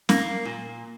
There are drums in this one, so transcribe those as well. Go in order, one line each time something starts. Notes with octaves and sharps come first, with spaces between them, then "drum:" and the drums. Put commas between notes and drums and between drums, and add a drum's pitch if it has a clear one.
A#3, drum: snare C#4
A#2